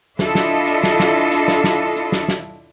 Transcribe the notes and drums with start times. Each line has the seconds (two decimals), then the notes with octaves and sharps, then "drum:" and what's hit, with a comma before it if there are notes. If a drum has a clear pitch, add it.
0.19 D4 E4 F4 A4 D#5, drum: snare
0.35 drum: snare
0.67 drum: hi-hat
0.83 drum: snare
1.00 drum: snare
1.32 drum: hi-hat
1.48 drum: snare
1.64 drum: snare
1.96 drum: hi-hat
2.12 drum: snare
2.28 drum: snare